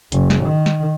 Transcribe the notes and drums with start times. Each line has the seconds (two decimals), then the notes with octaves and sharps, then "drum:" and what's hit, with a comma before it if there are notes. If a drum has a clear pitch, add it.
0.12 F#1, drum: hi-hat
0.30 drum: snare
0.45 D#3
0.66 drum: snare